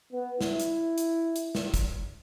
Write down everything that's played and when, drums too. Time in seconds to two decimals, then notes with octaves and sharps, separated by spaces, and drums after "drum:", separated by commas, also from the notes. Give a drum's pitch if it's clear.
0.13 B3
0.41 E4, drum: snare
0.60 drum: hi-hat
0.98 drum: hi-hat
1.36 drum: hi-hat
1.55 drum: snare
1.74 drum: kick, hi-hat